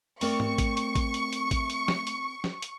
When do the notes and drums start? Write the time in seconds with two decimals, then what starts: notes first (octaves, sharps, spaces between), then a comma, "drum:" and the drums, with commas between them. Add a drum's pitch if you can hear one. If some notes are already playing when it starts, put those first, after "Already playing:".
0.21 A3 C4 A#4 D5 C#6, drum: open hi-hat
0.40 drum: tom G#2
0.58 drum: kick A1, hi-hat
0.77 drum: hi-hat
0.95 drum: kick A1, hi-hat
1.14 drum: hi-hat
1.33 drum: hi-hat
1.51 drum: kick A1, hi-hat
1.70 drum: hi-hat
1.88 drum: snare
2.07 drum: hi-hat
2.44 drum: snare
2.62 drum: hi-hat